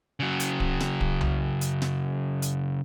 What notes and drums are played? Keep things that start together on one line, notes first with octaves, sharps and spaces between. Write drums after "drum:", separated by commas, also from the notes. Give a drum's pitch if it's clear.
C#3 F#3
drum: hi-hat
drum: kick D1
drum: snare
drum: kick D1
drum: tom C2
drum: hi-hat
drum: snare
drum: hi-hat